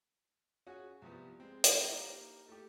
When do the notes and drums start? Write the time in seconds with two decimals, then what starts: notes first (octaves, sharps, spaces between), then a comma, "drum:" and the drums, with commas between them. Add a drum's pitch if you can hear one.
0.67 C#4 F#4 G#4 F#5 G#5
1.02 C2 F3 G3 B3
1.40 G#3 C4
1.64 drum: hi-hat
1.90 A#3 D#4 E4 G4
2.48 A3 G4